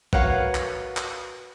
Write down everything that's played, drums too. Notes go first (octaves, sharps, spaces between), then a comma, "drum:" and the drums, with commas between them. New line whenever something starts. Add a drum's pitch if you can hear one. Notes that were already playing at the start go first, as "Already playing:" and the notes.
F#4 A#4 B4 C#5 F5 F#5, drum: kick
drum: clap
drum: clap